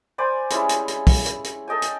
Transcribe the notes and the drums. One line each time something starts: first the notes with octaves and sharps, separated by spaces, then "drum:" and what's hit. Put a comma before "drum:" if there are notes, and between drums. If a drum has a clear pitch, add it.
C5 D5 G#5 B5
G3 G#3 C#4 E4, drum: hi-hat
drum: hi-hat
drum: hi-hat
drum: kick, open hi-hat
drum: hi-hat
drum: hi-hat
A4 D#5 G5 G#5
drum: hi-hat